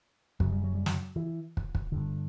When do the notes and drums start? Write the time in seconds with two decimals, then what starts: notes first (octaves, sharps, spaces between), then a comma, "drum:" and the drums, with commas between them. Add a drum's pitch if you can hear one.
0.40 F#2 C#3 F#3, drum: kick
0.52 G3
0.64 F#3
0.75 G3
0.86 F#2 F#3, drum: snare
1.16 E3
1.57 drum: kick
1.75 drum: kick
1.92 G2 D3